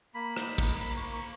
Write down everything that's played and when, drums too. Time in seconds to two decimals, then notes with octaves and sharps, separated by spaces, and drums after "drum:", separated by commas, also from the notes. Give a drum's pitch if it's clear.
0.14 A#3 B5
0.37 D#4, drum: rim click
0.58 A#3, drum: kick, cymbal
0.80 A#3 B5
0.97 A#3 C#6
1.13 C#6